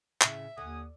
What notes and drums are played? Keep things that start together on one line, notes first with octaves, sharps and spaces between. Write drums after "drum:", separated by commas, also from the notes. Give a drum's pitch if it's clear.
A2 C#3 E5, drum: clap
D#2 D3 F#5 G#5 D#6